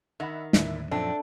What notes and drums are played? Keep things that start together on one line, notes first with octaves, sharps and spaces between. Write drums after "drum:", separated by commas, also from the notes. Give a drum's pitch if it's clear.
D#3 E5 F#5 B5
D#2 A2 D3 D4 E4, drum: snare
F#2 A#2 F3 A3 C4 D4